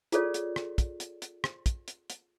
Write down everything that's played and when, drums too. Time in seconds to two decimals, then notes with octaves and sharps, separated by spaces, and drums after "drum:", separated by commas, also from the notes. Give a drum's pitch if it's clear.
0.12 F4 G#4 A4 C#5 D5, drum: hi-hat
0.34 drum: hi-hat
0.56 drum: rim click
0.78 drum: kick, hi-hat
1.00 drum: hi-hat
1.22 drum: hi-hat
1.44 drum: rim click
1.66 drum: kick, hi-hat
1.88 drum: hi-hat
2.10 drum: hi-hat